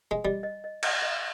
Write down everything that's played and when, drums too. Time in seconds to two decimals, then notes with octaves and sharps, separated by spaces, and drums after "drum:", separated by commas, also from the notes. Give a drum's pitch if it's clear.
0.11 G#3
0.24 G3 D#5
0.43 D#5
0.64 D#5
0.83 D#5, drum: cymbal
1.02 D#5